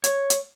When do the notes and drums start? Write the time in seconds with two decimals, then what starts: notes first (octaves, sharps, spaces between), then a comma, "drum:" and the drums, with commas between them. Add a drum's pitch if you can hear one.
0.04 C#5, drum: hi-hat
0.30 drum: hi-hat